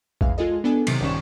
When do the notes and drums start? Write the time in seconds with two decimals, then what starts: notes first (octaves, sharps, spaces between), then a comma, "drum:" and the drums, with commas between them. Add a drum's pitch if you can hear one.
0.21 E2 G#3 F5, drum: kick A#1
0.38 G#3 F4 G#4 A4 D#5
0.64 B3 D4 A4 G#5
0.87 C3 D#3 F#3, drum: cymbal
1.01 A#1 G2 D#3 C#4 C#6 E7